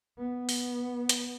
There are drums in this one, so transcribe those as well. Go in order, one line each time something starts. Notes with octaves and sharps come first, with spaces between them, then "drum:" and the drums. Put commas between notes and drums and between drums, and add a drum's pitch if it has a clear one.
B3
drum: open hi-hat
drum: hi-hat